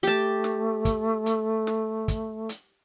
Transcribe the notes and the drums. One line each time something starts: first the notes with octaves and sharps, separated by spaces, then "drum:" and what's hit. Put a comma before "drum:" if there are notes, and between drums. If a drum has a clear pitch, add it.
A3 G4 A5, drum: hi-hat
drum: snare
drum: kick, hi-hat
drum: hi-hat
drum: snare
drum: kick, hi-hat
drum: hi-hat